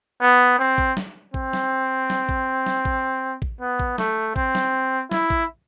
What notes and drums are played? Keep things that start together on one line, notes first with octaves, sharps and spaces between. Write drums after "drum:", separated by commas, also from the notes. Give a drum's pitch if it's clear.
B3
C4
drum: kick A1
drum: snare
C4, drum: kick A1
drum: snare
drum: snare
drum: kick A1
drum: snare
drum: kick A1
drum: kick A1
B3
drum: kick A1
A3, drum: snare
C4, drum: kick A1
drum: snare
E4, drum: snare
drum: kick A1